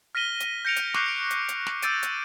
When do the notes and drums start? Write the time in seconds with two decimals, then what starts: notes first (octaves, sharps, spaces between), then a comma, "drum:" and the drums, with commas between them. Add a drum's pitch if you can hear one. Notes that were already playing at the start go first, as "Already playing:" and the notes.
0.15 F6 A#6 B6 D#7 G7
0.40 drum: hi-hat
0.65 G6 A#6 C#7 D7 F7
0.76 drum: hi-hat
0.94 C#6 D6 F#6 G6 C7, drum: snare
1.06 C#7 D7
1.30 drum: hi-hat
1.48 drum: hi-hat
1.67 drum: snare
1.82 D6 E6 G6 A6 D7 D#7, drum: hi-hat
2.03 drum: hi-hat